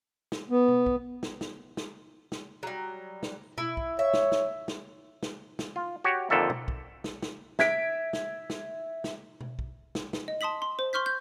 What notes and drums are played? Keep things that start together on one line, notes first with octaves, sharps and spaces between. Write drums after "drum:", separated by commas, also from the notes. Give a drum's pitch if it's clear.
drum: snare
B3
drum: tom B2
drum: kick
drum: snare
drum: snare
drum: snare
drum: snare
F#3 G3
drum: snare
E4, drum: tom B2
drum: kick
C#5 E5
drum: snare
drum: snare
drum: snare
drum: snare
drum: snare
F4
F#4 G4 C#5
F2 A#2 D3 D#3 A4 E5
drum: tom B2
drum: kick
drum: snare
drum: snare
E5 G#6 B6 D7, drum: snare
drum: snare
drum: snare
drum: snare
drum: tom B2
drum: kick
drum: snare
drum: snare
D#5
A5 C6 D#6 B6 F#7
C6
C5
C6 C#6 F6 G6 B6
G6